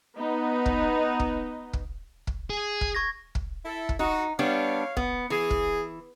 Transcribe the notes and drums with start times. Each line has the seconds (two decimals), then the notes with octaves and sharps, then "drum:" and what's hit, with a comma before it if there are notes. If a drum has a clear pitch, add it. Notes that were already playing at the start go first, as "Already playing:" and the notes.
0.18 B3 D#4
0.66 drum: kick
1.20 drum: kick
1.73 drum: kick
2.27 drum: kick
2.50 G#4
2.81 drum: kick
2.95 C#6 G#6 A#6
3.35 drum: kick
3.65 E4 A4
3.89 drum: kick
3.99 D#4 F#4
4.39 G3 B3 D4 C#5 F5
4.97 B3, drum: kick
5.30 E3 G#4
5.50 drum: kick